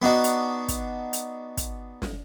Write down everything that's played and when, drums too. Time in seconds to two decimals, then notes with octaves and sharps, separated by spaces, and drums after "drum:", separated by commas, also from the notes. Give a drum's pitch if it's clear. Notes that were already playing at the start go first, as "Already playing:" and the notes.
0.02 B3 D4 D#4 F#4
0.24 drum: hi-hat
0.68 drum: kick, hi-hat
1.13 drum: hi-hat
1.57 drum: kick, hi-hat
2.02 drum: snare